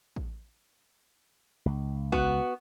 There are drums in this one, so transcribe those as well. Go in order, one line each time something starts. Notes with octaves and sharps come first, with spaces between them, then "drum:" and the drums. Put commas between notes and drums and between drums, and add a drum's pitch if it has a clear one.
drum: kick A1
C#2
B3 F#4, drum: kick A1